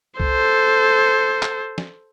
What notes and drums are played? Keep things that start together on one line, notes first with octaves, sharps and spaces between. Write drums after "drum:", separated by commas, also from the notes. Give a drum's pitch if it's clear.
A4 C5, drum: kick C2
drum: clap
drum: snare